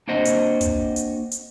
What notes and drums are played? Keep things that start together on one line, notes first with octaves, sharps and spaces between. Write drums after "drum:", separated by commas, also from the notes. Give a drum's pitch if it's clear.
A#3 C4 D4 F#4 C5 D#5
drum: hi-hat
drum: kick, hi-hat
drum: hi-hat
drum: hi-hat